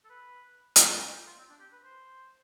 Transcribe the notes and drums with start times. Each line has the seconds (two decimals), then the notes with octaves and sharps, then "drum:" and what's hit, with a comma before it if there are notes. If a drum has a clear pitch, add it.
0.05 A4
0.10 B4
0.76 drum: hi-hat
1.14 G4
1.26 F4
1.38 C4
1.50 D4
1.60 G4
1.73 B4
1.84 C5